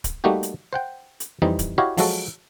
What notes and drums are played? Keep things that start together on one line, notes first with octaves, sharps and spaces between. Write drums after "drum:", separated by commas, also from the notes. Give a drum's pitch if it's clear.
drum: kick D1, hi-hat
G3 A3 A#3 D#4 F#4 G4
drum: hi-hat
C5 F#5 G5
drum: hi-hat
F2 E3 G3 C4 D#4
drum: kick D1, hi-hat
E4 F#4 G4 C#5 D#5 F5
F3 F#3 G#3 F#4 A4, drum: open hi-hat